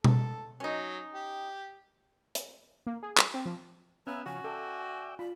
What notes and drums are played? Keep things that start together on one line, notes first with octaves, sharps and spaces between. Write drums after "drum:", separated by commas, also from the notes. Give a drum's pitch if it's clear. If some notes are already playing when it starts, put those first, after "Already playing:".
A4, drum: tom B2
F#3 C#4 D#4
G4
drum: hi-hat
A#3
G#4
G3, drum: clap
C4
F3
B3 C#4 E5 F5 G#5 A#5 E6
C#3 F3 F#4 G#5
A4 D5 E5 G5
F4 D5 B5